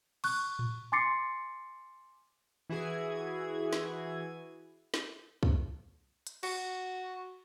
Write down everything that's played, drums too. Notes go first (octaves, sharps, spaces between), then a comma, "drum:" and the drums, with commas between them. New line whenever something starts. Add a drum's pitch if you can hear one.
C#6 F#6, drum: cymbal
drum: tom A2
G#5 C6 D6 A6 C7 C#7
E3 E4 F#4 G#4 G#6
drum: snare
drum: snare
drum: kick
drum: hi-hat
F#4, drum: cymbal